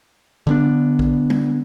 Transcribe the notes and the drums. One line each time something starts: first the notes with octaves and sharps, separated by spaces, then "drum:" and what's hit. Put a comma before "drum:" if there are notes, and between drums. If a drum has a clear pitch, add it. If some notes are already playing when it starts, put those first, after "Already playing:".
D3 G3 B3 D4
drum: kick
drum: tom G3